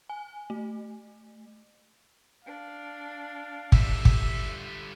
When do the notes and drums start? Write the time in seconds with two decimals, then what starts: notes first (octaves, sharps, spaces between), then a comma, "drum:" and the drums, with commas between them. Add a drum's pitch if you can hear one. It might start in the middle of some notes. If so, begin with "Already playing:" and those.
0.09 G#5
0.50 A3
2.45 D4 F5
3.72 D3 G3 E5, drum: kick
4.05 drum: kick